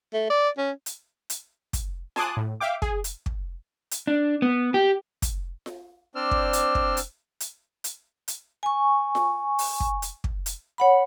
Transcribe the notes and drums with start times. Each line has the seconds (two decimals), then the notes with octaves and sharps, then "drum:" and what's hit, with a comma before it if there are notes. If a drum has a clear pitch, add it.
0.13 A3
0.30 D5
0.58 C#4
0.86 drum: hi-hat
1.30 drum: hi-hat
1.73 drum: kick, hi-hat
2.16 G#5 A5 C6 D6 D#6 F#6, drum: snare F4
2.37 A2
2.61 E5 F5 G5 D6
2.82 G#4, drum: kick
3.04 drum: hi-hat
3.26 drum: kick
3.91 drum: hi-hat
4.07 D4
4.42 B3
4.74 G4
5.22 drum: kick, hi-hat
5.66 drum: snare F4
6.15 C4 D4 C5 D5 E6 F6
6.31 drum: kick
6.53 drum: hi-hat
6.75 drum: kick
6.97 drum: hi-hat
7.40 drum: hi-hat
7.84 drum: hi-hat
8.28 drum: hi-hat
8.63 G#5 C#6
9.15 drum: snare F4
9.59 drum: open hi-hat
9.80 drum: kick
10.02 drum: hi-hat
10.24 drum: kick
10.46 drum: hi-hat
10.78 C#5 F#5 B5